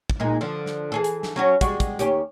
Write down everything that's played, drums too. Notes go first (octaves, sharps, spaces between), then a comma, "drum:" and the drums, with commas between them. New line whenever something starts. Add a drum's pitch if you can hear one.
drum: kick
A#2 G#3 D#4
D3 F3
drum: snare
E3 G#4 A4
drum: hi-hat
drum: snare
F#3 C#4 F#4
G3 G#3 F#4, drum: kick, hi-hat
drum: kick, hi-hat
D#2 C#4 G4, drum: hi-hat